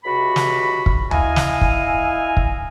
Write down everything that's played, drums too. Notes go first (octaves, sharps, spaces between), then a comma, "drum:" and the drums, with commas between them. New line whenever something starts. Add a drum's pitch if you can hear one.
C#2 C3 F#4 B5
drum: snare
drum: kick
E4 D#5 F5 G#5, drum: tom D2
drum: snare
drum: kick
drum: kick